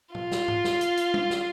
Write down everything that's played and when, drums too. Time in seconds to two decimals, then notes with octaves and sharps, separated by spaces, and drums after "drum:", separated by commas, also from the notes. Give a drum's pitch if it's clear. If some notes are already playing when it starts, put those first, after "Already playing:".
0.15 F4, drum: tom A#2
0.31 drum: snare
0.48 drum: tom G#2
0.64 drum: snare
0.81 drum: hi-hat
0.97 drum: hi-hat
1.14 drum: tom
1.30 drum: snare